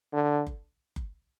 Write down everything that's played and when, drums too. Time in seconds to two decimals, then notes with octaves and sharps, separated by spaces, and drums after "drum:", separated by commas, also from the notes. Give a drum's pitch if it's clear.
0.13 D3
0.47 drum: kick F#1
0.96 drum: kick F#1